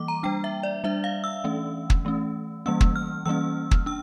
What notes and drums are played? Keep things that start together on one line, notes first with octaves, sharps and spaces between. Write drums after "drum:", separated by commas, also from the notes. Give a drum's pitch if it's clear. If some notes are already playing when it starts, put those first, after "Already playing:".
Already playing: E3 G3 A#3 D6
A#5
G3 D4 G5
E5
D5
G3 D4 E5
F5
E6
E3 A3 C#4
drum: kick
E3 A3 C#4
E3 G3 A#3 C#4 E6
drum: kick
F6
E3 G3 A#3 C#4 E6
drum: kick
D4 E6